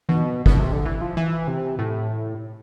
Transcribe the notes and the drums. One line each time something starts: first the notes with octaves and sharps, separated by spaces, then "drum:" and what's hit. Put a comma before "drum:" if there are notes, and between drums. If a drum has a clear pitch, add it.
B2, drum: tom E3
B2, drum: kick
C3
D3
E3
F3
E3
C3
A2